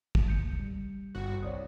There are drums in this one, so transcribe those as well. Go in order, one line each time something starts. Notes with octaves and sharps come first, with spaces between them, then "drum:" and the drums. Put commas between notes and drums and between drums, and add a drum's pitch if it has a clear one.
drum: kick
D#2 G6 C#7
G3
G1 F#4
C2 C#5 D5 D#6